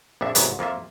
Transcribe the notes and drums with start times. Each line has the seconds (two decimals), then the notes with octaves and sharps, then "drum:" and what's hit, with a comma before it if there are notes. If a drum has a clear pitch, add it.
0.21 A#1 F2 D4 E5
0.35 C2 G#2 F#3 B3 B4, drum: hi-hat
0.59 F2 A#3 F4 E5